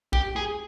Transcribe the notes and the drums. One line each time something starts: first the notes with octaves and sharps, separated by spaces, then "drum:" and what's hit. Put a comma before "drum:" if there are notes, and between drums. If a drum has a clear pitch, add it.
G4, drum: kick
G#4